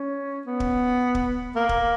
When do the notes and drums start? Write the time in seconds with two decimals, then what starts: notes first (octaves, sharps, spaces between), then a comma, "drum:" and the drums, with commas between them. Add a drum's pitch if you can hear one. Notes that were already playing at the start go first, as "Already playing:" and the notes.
Already playing: C#4
0.47 B3
0.60 drum: kick
1.15 drum: kick
1.56 A#3
1.69 drum: kick